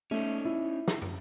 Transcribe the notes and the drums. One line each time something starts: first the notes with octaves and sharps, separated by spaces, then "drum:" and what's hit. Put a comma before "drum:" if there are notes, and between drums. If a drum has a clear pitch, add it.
A3 C#4 D#4
E4
drum: snare
drum: tom